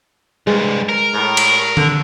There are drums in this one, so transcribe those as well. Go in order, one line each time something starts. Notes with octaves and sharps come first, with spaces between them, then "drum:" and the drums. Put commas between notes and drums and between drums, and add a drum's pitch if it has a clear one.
C2 G2 G#3
A#4
A2
drum: cymbal
D3, drum: tom D3